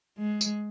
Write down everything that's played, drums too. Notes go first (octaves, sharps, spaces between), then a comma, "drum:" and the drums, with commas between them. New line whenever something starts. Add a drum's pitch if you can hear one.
G#3
drum: tambourine